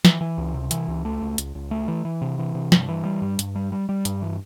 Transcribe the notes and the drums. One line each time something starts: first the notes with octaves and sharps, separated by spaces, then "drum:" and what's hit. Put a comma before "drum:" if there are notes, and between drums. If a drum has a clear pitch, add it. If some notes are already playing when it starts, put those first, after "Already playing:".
E3, drum: snare
E3
C#2
C3
E3, drum: hi-hat
C#2
A3
C#2
C#2, drum: hi-hat
C#2
A3
E3
E3
C3
E3
C3
G2, drum: snare
E3
G3
G2
G2, drum: hi-hat
G3
G3
G3
G2, drum: hi-hat
E3